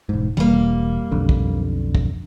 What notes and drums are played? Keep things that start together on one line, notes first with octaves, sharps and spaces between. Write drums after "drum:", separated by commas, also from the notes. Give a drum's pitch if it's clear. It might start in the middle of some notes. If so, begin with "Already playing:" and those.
E1 G#2
E1 G3 A#3, drum: tom
B1 F2 D3
drum: kick
drum: kick